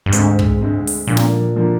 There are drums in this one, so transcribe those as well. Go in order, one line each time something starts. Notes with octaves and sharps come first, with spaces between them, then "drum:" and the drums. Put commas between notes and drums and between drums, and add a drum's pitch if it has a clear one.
G2
D2 G#2 D3 G#3 C4, drum: hi-hat
drum: kick
D2 D3 G#3 C4
drum: open hi-hat
A#2 D3 F3 A#3 D4
drum: snare
D3 F3 A#3 D4